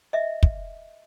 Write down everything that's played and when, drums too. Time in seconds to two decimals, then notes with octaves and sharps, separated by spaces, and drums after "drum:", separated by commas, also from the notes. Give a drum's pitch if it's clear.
0.13 D#5 E5
0.43 drum: kick